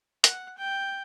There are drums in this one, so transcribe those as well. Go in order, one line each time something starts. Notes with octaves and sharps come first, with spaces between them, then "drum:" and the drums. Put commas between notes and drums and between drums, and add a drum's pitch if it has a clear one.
F#5, drum: hi-hat
G5